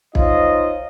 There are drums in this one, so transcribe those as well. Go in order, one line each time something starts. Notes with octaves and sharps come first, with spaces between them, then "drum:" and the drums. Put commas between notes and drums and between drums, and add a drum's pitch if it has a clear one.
D#4 F4 C5 C#5 D#5, drum: kick